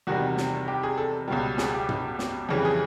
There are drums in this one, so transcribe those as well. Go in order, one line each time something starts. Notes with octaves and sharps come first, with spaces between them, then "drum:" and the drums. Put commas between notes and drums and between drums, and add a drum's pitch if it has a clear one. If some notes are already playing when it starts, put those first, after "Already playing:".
E2 C3 D#3 G3 F#4
drum: snare
G4
G#4
A4
C#2 B2 G3
G#4, drum: snare
G4
drum: tom
drum: snare
F2 C#3 E3 G3
G#4